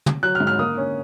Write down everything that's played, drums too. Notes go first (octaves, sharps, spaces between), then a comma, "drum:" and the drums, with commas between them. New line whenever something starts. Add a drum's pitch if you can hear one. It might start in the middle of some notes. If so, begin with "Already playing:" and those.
drum: tom
F#3 F#6
F6
G#2
F6
A#3 D#6
C#4